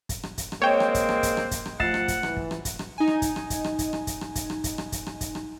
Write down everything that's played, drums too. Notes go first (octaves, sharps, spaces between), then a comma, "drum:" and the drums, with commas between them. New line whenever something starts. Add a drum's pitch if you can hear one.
drum: kick, hi-hat
drum: rim click
drum: kick, hi-hat
drum: rim click
G#3 A#3 C4 C#5 G5
drum: rim click
drum: kick, hi-hat
drum: rim click
drum: kick, hi-hat
drum: rim click
drum: kick, hi-hat
drum: rim click
F3 A3 F4 F#5 A6 C7 E7, drum: kick
drum: rim click
drum: kick, hi-hat
E3, drum: rim click
drum: kick
drum: rim click
drum: kick, hi-hat
drum: rim click
D#4 G#5
drum: rim click
drum: kick, hi-hat
drum: rim click
drum: kick, hi-hat
drum: rim click
drum: kick, hi-hat
drum: rim click
drum: kick, hi-hat
drum: rim click
drum: kick, hi-hat
drum: rim click
drum: kick, hi-hat
drum: rim click
drum: kick, hi-hat
drum: rim click
drum: kick, hi-hat
drum: rim click